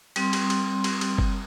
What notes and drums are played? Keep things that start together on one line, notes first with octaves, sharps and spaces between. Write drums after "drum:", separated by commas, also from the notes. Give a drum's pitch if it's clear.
G3 C4 C6, drum: cymbal
drum: cymbal
drum: cymbal
drum: cymbal
drum: cymbal
drum: kick F#1